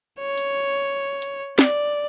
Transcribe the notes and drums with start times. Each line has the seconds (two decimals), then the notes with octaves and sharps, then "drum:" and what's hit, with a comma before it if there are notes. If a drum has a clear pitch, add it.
0.20 C#5
0.37 drum: hi-hat
1.22 drum: hi-hat
1.59 D5, drum: snare